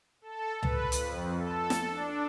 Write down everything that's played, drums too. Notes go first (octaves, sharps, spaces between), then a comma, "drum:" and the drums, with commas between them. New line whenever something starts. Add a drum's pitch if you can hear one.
A4
B4, drum: tom C#2
F2, drum: hi-hat
A4
drum: snare
D4